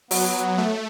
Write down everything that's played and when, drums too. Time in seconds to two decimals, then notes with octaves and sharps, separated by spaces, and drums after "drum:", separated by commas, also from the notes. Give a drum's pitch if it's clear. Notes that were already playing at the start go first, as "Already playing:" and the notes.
0.11 F#3 B3, drum: open hi-hat
0.58 A3